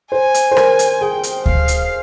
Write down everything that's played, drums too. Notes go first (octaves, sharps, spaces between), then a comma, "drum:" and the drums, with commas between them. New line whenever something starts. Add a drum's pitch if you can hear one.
C5 G#5
drum: hi-hat
C5
A#4, drum: rim click
drum: hi-hat
G#4 G5
drum: hi-hat
F5, drum: kick D2
drum: hi-hat